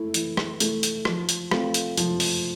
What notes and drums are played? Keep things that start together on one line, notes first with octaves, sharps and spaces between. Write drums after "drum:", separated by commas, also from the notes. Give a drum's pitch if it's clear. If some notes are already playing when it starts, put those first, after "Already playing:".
Already playing: A3 E4
E3, drum: hi-hat
drum: rim click
A3 E4, drum: hi-hat
drum: hi-hat
F3, drum: rim click
drum: hi-hat
A3 C4 F4, drum: rim click
drum: hi-hat
F3, drum: hi-hat
drum: open hi-hat